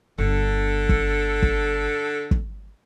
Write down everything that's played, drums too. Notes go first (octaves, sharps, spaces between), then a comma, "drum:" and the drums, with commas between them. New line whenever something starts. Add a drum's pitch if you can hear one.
G1 D3 A4
drum: kick
drum: kick
drum: kick